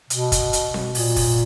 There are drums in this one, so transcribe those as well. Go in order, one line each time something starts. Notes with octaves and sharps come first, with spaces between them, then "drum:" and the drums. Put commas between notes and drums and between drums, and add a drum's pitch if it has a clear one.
B2, drum: hi-hat
drum: kick, hi-hat
drum: hi-hat
drum: snare C4
A#2, drum: open hi-hat
drum: kick, open hi-hat